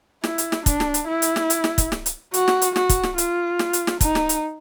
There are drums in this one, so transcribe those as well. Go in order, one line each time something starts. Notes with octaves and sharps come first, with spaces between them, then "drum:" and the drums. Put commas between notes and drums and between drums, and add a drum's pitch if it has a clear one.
E4, drum: snare
drum: hi-hat
drum: snare
D4, drum: kick, hi-hat
drum: snare
drum: hi-hat
E4
drum: hi-hat
drum: snare
drum: hi-hat
drum: snare
drum: kick, hi-hat
drum: snare
drum: hi-hat
F#4, drum: hi-hat
drum: snare
drum: hi-hat
F#4, drum: snare
drum: kick, hi-hat
drum: snare
F4, drum: hi-hat
drum: snare
drum: hi-hat
drum: snare
D#4, drum: kick, hi-hat
drum: snare
drum: hi-hat